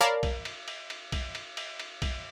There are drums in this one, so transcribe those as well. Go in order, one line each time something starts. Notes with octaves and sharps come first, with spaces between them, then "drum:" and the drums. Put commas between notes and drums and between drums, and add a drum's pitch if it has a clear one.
A#4 C#5 D5 F5 A5 B5
drum: kick B1, cymbal
drum: cymbal
drum: cymbal
drum: cymbal
drum: kick B1, cymbal
drum: cymbal
drum: cymbal
drum: cymbal
drum: kick B1, cymbal